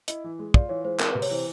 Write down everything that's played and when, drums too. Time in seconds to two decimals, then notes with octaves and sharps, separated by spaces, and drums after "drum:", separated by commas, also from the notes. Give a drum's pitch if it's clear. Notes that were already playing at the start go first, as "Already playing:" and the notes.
0.08 E4 D#5, drum: hi-hat
0.24 E3
0.39 G#3
0.54 F4 D5, drum: kick
0.69 E3 C#5
0.84 G#3 C5
1.00 C4 A#4, drum: clap
1.11 B4
1.15 C3
1.22 C#5, drum: open hi-hat
1.30 E3 C5